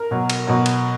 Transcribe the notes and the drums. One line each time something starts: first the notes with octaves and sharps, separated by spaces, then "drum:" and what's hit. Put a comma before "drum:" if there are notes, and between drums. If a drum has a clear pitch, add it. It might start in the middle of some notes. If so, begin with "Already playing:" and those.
Already playing: A#4
B2 F#3
drum: cymbal
B2 F#3
drum: cymbal